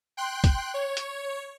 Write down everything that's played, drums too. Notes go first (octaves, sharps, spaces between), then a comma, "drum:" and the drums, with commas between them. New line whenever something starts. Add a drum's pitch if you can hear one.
G5 C6 F#6
drum: kick, hi-hat
C#5
drum: hi-hat